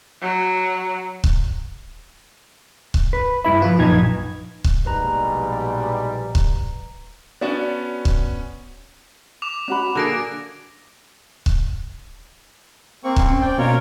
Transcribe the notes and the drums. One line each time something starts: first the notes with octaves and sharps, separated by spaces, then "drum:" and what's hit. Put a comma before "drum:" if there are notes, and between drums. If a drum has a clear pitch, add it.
F#3
drum: kick C#1
drum: kick C#1
B4
G2 E4 E5 B5
F3 F4 B4
A#1 F#2 D#4 B4 G#6
drum: kick C#1
A#1 G#2 B2 G3 B4 A#5
drum: kick C#1
B3 C#4 D4 F#4 D5
drum: kick C#1
D6 F7
C#4 F#4 B5
D3 A#3 F#4 G#4 A4 F#6 A#6 D7
drum: kick C#1
A#3 C4 C#6
drum: kick C#1
C#4
D5 G5
B2 A#3 F4 A#4 C#5